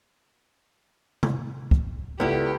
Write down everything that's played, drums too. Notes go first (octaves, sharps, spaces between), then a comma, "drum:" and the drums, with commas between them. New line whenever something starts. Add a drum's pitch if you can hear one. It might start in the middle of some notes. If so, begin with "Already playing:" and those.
drum: tom C3
drum: kick
C#2 B3 E4 G4 A4 D5